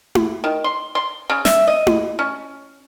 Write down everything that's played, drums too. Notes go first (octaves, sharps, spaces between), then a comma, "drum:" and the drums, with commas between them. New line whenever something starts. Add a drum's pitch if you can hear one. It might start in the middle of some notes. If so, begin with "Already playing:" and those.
drum: tom E4
D#3
C6
C6
C#3
E5, drum: snare
D#5
drum: tom E4
C#4